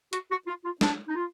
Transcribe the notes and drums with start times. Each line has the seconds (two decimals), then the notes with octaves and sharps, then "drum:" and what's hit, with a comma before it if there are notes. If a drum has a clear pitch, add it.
0.13 F#4, drum: hi-hat
0.30 F#4
0.47 F4
0.65 F4
0.81 D4, drum: snare
1.08 D#4
1.15 F4